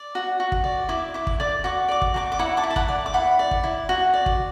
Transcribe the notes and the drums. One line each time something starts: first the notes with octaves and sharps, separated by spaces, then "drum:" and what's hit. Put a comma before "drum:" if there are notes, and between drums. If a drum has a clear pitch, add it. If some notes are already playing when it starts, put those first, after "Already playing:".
Already playing: D5
F#4
F#4
drum: kick
D5
E4 D6
E4 D6
drum: kick
D5 D6
F#4 D6
D5 D6
drum: kick
F#4 A5 D6
D6
E4 F#5 B5
A5 D6
E4
A5
F#5 B5, drum: kick
D5
D6
E4 F#5 B5
D5
drum: kick
E4
F#4
D5
drum: kick